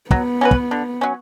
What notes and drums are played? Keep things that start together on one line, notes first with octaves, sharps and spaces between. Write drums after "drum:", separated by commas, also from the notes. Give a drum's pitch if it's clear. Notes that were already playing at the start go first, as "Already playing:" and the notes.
F#3 B3, drum: kick
C#4 F#4 B4
drum: kick
D3
F#3 C#4